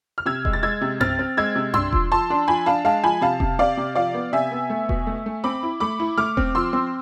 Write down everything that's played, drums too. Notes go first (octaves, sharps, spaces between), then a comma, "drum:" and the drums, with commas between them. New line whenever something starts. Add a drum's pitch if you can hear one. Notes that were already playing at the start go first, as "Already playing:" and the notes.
F6
C3 E6 G#6
G#3, drum: kick E1
A6
G#3 E6 G#6
C3
C4 F6 A6, drum: tom F#2
C4
G#3 E6 G#6
C3
D4 C6 E6, drum: tom F#2
F3, drum: kick E1
F3 A5 C6
D4
F3 G#5 B5
D4 F5 A5
G#3 F5 A5
F3 G#5 B5
C3 F5 A5
C3, drum: kick E1
C3 D5 F5
C3
F3 D5 F5
B3
C3 E5 G#5
B3
A3
B2, drum: kick E1
A3
A3
C4 B5 D6
E4
A3 B5 D6
E4
A3 D6 F6
C4, drum: kick E1
F3 C6 E6
C4